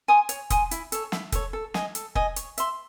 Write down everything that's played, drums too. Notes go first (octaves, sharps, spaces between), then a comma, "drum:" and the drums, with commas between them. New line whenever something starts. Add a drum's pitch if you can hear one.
G#5 C6 D#6
C#5, drum: hi-hat
G#5 C6 D#6, drum: kick, hi-hat
E4, drum: hi-hat
A4 C#5, drum: hi-hat
E4, drum: snare
A4 C#5, drum: kick, hi-hat
A4
D#5 G#5, drum: snare
A4, drum: hi-hat
D#5 G#5, drum: kick
C#5, drum: hi-hat
E5 C6, drum: hi-hat